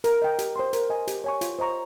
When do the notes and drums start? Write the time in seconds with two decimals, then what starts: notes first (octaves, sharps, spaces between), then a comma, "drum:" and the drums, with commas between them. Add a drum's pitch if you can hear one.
0.04 A#4, drum: hi-hat
0.22 D#5 G5
0.39 G4, drum: hi-hat
0.56 C5 G5 C6
0.73 A#4, drum: hi-hat
0.90 D#5 G#5
1.08 G4, drum: hi-hat
1.24 C#5 G#5 C#6
1.41 F4, drum: hi-hat
1.59 C5 D#5 A#5 C#6